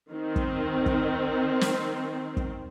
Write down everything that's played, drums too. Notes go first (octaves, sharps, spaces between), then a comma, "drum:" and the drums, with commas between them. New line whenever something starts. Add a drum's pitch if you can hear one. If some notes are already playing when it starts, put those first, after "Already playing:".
D#3 C4
drum: kick
drum: kick
drum: snare
drum: kick